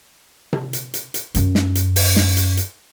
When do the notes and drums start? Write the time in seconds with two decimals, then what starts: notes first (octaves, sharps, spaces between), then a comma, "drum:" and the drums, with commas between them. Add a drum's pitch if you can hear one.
0.53 drum: tom C3
0.73 drum: hi-hat
0.94 drum: hi-hat
1.14 drum: hi-hat
1.34 F#2 C#4, drum: hi-hat
1.55 drum: snare
1.75 drum: hi-hat
1.96 drum: open hi-hat
2.16 drum: snare
2.37 drum: hi-hat
2.57 drum: hi-hat